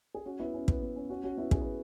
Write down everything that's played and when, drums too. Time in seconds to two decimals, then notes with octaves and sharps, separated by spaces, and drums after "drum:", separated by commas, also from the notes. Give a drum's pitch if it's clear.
0.15 G#4
0.25 C#4 F#4
0.39 B3 E4
0.54 C#4
0.68 B3, drum: kick
0.82 B3
0.96 C#4
1.09 C#4 F#4
1.23 C#4 F#4
1.37 B3 E4
1.51 G#4, drum: kick
1.61 B4